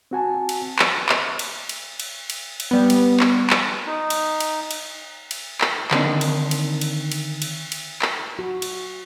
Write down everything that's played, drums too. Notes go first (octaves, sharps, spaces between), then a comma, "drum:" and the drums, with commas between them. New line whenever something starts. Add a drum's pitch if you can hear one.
C4 F#4 G#5 A5
drum: cymbal
drum: clap
drum: clap
drum: cymbal
drum: cymbal
drum: cymbal
drum: cymbal
drum: cymbal
G3 B3
drum: cymbal
drum: clap
drum: clap
D#4
drum: cymbal
drum: cymbal
drum: cymbal
drum: cymbal
drum: clap
D3 D#3 A#3 C4 D4 D#4, drum: clap
drum: cymbal
drum: cymbal
drum: cymbal
drum: cymbal
drum: cymbal
drum: cymbal
drum: clap
F#4
drum: cymbal